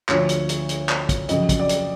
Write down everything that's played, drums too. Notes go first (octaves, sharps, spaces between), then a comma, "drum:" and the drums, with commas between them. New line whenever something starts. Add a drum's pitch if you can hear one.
D2 D3 F3 C#5, drum: clap
drum: hi-hat
drum: hi-hat
drum: hi-hat
drum: clap
drum: kick, hi-hat
F2 C#3 F#3 D#5, drum: hi-hat
drum: kick, hi-hat
D5
drum: hi-hat